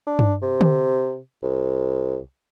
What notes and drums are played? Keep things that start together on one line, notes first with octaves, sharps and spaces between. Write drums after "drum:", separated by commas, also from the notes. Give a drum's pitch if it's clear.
D4
drum: tom G2
C3
drum: tom D3
C2